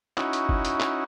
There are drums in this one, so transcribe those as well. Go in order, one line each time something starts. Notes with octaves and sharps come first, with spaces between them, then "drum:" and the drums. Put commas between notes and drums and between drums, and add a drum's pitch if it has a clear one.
C#4 D#4 E4 F#4, drum: clap
drum: hi-hat
drum: kick
drum: hi-hat
drum: clap